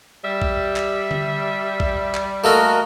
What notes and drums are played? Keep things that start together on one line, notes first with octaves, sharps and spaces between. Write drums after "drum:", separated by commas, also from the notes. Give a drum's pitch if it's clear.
G3 E5
drum: kick
drum: clap
drum: tom D3
drum: kick
drum: clap
A3 A#3 F#4 A4 A#4 D#5